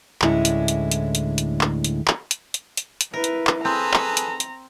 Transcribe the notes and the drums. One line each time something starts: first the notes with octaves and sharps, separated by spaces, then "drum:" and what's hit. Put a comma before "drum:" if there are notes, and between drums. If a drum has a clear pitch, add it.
D2 A2 D3 G#3 C#4 E4, drum: clap
drum: hi-hat
drum: hi-hat
drum: hi-hat
drum: hi-hat
drum: hi-hat
drum: clap
drum: hi-hat
drum: clap
drum: hi-hat
drum: hi-hat
drum: hi-hat
drum: hi-hat
E4 A#4 B4
drum: hi-hat
drum: clap
C4 G#4 A4 B4 A#5
drum: clap
drum: hi-hat
drum: hi-hat